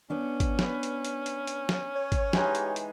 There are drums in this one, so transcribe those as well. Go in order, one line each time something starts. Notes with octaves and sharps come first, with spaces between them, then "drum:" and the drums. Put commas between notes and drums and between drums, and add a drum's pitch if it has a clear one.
B3 C#4 D4
drum: kick, hi-hat
B4, drum: snare
drum: hi-hat
drum: hi-hat
drum: hi-hat
drum: hi-hat
drum: snare
C#5
drum: kick, hi-hat
E3 G#3 D#4 G4, drum: snare
drum: hi-hat
drum: hi-hat